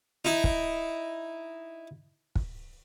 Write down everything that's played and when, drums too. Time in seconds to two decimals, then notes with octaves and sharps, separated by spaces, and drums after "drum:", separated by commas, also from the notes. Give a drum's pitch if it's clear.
0.25 D#4 E4
0.44 drum: kick
2.35 drum: kick